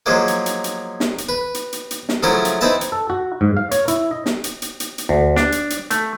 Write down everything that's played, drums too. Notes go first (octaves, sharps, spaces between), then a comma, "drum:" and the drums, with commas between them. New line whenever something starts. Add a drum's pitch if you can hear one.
F3 F#3 G#3 A#3
drum: hi-hat
drum: hi-hat
drum: hi-hat
drum: snare
drum: hi-hat
B4
drum: hi-hat
drum: hi-hat
drum: hi-hat
drum: snare
C#3 F3 F#3 A3 E4 A#4
drum: hi-hat
C4 D#4 E4 B4 E5 A5
drum: hi-hat
A4
F#4
G#2
F5
C#5, drum: hi-hat
E4, drum: hi-hat
D#5
drum: snare
drum: hi-hat
drum: hi-hat
drum: hi-hat
drum: hi-hat
D2
D4, drum: snare
drum: hi-hat
drum: hi-hat
A3, drum: hi-hat